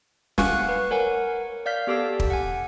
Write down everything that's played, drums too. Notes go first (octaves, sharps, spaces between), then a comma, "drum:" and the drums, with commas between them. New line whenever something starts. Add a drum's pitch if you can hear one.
F5 F#5 G#5 C#6 D6 F#6, drum: snare
B4
A#4 C#5 F#5 G#5
D5 F5 F6 G6 B6
B3 G4 A4 D6 E6
drum: kick
F#5 G#5